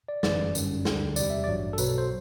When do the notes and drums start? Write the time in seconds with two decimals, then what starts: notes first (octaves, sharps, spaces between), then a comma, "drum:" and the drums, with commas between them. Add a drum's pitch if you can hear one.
0.08 D5
0.23 G1 F#2 E3 G3 D5, drum: snare
0.55 G1 F#2 D3 G3, drum: tambourine
0.85 D2 D3 G3, drum: snare
1.16 E2 C3 G3 D5, drum: tambourine
1.30 E5
1.44 A1 G2 F#3 D5
1.73 A4
1.78 B1 B2 F#3 B4, drum: tambourine
1.88 A4
1.98 C5